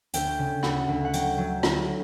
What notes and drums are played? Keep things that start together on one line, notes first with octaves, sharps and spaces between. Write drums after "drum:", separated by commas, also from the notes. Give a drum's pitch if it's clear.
D2 G5, drum: hi-hat
C#3
D2 F#5, drum: rim click
D2
F#5
F#3 G5, drum: hi-hat
F#3
D2, drum: rim click